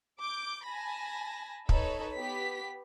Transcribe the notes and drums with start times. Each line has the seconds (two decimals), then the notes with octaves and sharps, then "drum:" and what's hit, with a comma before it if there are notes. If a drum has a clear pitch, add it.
0.19 D6 G6
0.66 G#5 A5 B5 A#6
1.69 D#4 A4 B4 C#5, drum: kick
2.16 B3 G4 B6